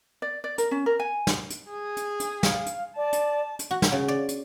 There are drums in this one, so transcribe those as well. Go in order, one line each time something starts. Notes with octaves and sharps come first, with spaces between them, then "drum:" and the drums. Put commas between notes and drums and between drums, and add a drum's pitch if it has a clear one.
D5
D5
A#4, drum: hi-hat
C#4
A#4
G#5
drum: snare
drum: hi-hat
G#4
drum: hi-hat
drum: hi-hat
F5, drum: snare
drum: hi-hat
D5 A5
drum: hi-hat
drum: hi-hat
F#4
drum: snare
C#3
D5
drum: hi-hat